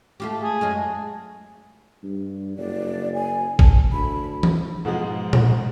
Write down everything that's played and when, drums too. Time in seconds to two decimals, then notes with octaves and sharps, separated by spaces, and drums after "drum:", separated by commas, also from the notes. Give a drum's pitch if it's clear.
0.20 A3 F4 G4
0.44 G#4
0.61 F#2 G#3 F4
2.04 G2
2.58 F#1 D5
3.14 G#5
3.59 A5, drum: kick
3.93 D2 B5
4.43 drum: tom E3
4.85 G#2 B2 F3 G#3
5.33 drum: tom A#2